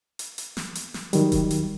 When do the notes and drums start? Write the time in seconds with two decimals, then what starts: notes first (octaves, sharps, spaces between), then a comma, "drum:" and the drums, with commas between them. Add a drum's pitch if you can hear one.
0.19 drum: hi-hat
0.38 drum: hi-hat
0.57 drum: snare
0.75 drum: hi-hat
0.94 drum: snare
1.13 D#3 F#3 G3, drum: hi-hat
1.32 drum: kick D#1, hi-hat
1.51 drum: hi-hat